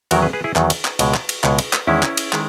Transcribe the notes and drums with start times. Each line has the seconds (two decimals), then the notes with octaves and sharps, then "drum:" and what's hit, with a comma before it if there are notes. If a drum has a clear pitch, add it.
0.11 E2 D#3 F#3 F#4 A#4, drum: cymbal
0.22 G#4 B4
0.33 G#4 B4
0.44 E4 G#4
0.56 E2 D#3 F#3, drum: clap
0.70 drum: cymbal
0.85 drum: clap
0.99 C#2 B2 G#3, drum: cymbal
1.14 drum: clap
1.29 drum: cymbal
1.44 C#2 B2 G#3, drum: clap
1.58 drum: cymbal
1.73 drum: clap
1.87 E2 D#3 G#3 C#4 E4
2.03 drum: clap
2.17 drum: cymbal
2.33 D#3 G#3, drum: clap